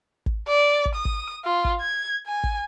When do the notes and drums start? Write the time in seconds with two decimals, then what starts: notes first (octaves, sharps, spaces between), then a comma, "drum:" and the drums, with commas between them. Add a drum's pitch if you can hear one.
0.26 drum: kick
0.48 D5
0.85 drum: kick
0.95 D#6
1.05 drum: kick
1.45 F4
1.65 drum: kick
1.81 G#6
2.27 G#5
2.44 drum: kick